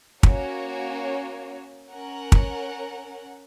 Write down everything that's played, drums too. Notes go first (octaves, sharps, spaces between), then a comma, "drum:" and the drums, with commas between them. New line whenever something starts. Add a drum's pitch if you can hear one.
A#3 C#4 F#4 C#5, drum: kick
C#4 A#4 F#5
drum: kick